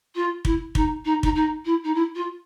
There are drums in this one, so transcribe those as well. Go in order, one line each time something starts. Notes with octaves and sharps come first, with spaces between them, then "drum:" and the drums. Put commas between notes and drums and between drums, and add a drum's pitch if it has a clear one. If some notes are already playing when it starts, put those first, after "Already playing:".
F4
E4, drum: kick
D#4, drum: kick
D#4
D#4, drum: kick
D#4
E4
D#4
E4
F4